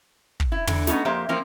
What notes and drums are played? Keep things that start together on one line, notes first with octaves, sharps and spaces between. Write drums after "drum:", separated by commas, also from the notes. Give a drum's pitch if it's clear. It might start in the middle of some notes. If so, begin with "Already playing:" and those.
drum: kick
E4
D3 E3, drum: tom
A3 B3 C#4 D#4 F#4, drum: snare
F2 A#3 G4 C5 E5
E3 F3 A#3 C4 F4